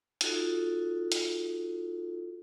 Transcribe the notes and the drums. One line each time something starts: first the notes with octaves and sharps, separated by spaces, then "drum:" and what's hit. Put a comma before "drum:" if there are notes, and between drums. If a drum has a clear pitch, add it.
D#4 F4 F#4 A4, drum: hi-hat
drum: hi-hat